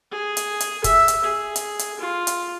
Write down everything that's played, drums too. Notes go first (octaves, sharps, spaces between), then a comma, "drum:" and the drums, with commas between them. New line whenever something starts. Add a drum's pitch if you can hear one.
G#4
drum: hi-hat
drum: hi-hat
E5, drum: kick, hi-hat
drum: hi-hat
G#4
drum: hi-hat
drum: hi-hat
F4
drum: hi-hat